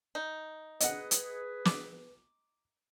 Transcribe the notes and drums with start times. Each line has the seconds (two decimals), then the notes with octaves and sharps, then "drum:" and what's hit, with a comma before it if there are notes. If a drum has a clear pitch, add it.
0.15 D#4
0.80 G#4 B4 D#5 F#5, drum: hi-hat
1.11 drum: hi-hat
1.65 D6, drum: snare